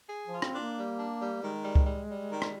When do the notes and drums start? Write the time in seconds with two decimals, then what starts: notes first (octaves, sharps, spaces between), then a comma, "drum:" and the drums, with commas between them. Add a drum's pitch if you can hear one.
0.10 G#4
0.26 F3
0.32 F4
0.42 C4, drum: rim click
0.54 D4
0.60 A#3
0.76 G3
0.98 D4
1.21 G3
1.42 D#3 G#3
1.64 G3
1.75 drum: kick C#2
1.87 G3
2.09 G3
2.31 D#3
2.42 drum: rim click